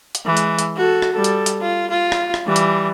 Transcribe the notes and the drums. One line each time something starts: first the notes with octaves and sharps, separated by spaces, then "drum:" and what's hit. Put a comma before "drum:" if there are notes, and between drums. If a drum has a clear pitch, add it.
drum: hi-hat
E3 G#3
drum: hi-hat
drum: hi-hat
F#4 A4
drum: rim click
G3 A4
drum: hi-hat
drum: hi-hat
F4
F4
drum: rim click
drum: rim click
E3 G3
drum: hi-hat